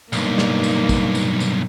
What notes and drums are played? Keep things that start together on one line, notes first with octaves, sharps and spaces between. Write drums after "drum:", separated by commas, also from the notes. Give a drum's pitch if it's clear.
B1 G2 A#3 D#4, drum: tambourine
drum: snare
drum: tambourine
drum: kick, tambourine
drum: tambourine
drum: tambourine